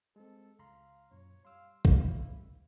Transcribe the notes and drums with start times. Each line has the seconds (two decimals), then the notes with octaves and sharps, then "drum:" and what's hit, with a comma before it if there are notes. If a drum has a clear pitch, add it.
0.16 G#3 C4 A4
0.59 C#2 F5 A#5 C6
1.11 F#2 A#2 C#5
1.45 G3 F5 C6 E6
1.85 E4 E5 F5, drum: kick A#1